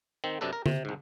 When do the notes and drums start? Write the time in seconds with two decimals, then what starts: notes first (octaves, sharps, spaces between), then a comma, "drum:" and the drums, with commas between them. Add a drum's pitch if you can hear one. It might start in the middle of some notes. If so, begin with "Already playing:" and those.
0.24 D#3 C4
0.41 F#2 C3 D4 A4 B4
0.53 A#4
0.66 C3, drum: tom
0.85 C2 G#2